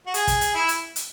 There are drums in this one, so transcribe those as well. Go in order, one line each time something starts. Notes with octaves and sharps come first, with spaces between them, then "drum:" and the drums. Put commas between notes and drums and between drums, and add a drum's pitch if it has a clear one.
F#4
G#4, drum: hi-hat
drum: kick, hi-hat
drum: hi-hat
E4
drum: hi-hat
drum: hi-hat